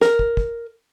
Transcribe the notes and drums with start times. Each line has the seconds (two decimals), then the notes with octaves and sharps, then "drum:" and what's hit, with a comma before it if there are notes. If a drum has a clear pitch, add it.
0.01 A#4, drum: snare
0.19 drum: kick
0.37 drum: kick